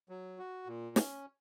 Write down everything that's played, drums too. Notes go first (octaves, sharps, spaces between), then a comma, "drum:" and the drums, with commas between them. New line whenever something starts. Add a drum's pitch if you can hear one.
F#3
F#4
A#2
C#4, drum: snare